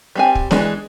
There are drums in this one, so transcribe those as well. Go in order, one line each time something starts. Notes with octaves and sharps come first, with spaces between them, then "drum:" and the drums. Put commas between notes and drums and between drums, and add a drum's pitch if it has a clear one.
G3 C4 G#5
drum: kick
E3 F3 G#3 D4, drum: snare